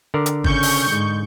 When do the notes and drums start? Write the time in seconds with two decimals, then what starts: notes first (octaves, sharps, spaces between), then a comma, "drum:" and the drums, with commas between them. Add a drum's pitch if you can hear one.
0.14 D3 A#4 D5
0.26 drum: hi-hat
0.44 C#3 C#4 C#6 G6, drum: kick
0.63 drum: open hi-hat
0.89 G#2 G#3